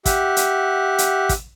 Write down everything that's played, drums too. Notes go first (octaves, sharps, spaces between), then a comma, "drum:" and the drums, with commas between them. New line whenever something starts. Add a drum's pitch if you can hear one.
G4 E5 F#5, drum: kick, hi-hat
drum: hi-hat
drum: hi-hat
drum: kick, hi-hat